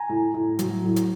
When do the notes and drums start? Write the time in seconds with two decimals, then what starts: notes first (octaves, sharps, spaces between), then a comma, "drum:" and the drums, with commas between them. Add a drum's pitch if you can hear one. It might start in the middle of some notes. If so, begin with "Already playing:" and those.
Already playing: G#5 A#5
0.09 A2
0.34 A2
0.59 F#3, drum: hi-hat
0.84 A2
0.96 drum: hi-hat